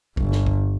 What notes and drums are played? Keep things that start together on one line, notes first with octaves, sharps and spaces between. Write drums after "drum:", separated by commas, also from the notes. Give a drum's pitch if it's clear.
G1, drum: kick
drum: snare
drum: kick